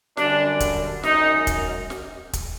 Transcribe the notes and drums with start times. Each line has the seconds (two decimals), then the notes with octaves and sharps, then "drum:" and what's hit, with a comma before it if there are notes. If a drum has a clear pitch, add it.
0.17 F#2 D3 G3 D4, drum: snare
0.60 drum: kick, hi-hat
1.03 F#2 D#3 G#3 D#4, drum: snare
1.47 drum: kick, hi-hat
1.90 drum: snare
2.33 drum: kick, hi-hat